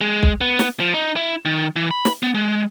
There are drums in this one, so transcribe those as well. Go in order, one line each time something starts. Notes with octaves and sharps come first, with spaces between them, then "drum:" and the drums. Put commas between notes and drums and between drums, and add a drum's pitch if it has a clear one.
G#3
drum: kick
B3
drum: snare
F3
D#4
E4
D#3
E3
B5
drum: snare
B3
G#3